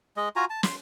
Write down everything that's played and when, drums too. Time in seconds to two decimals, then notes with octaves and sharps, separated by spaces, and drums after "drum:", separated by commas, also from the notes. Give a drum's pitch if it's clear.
0.17 G#3 D#5
0.36 F4 F#4 G#5 A#5
0.50 A5
0.63 C6, drum: snare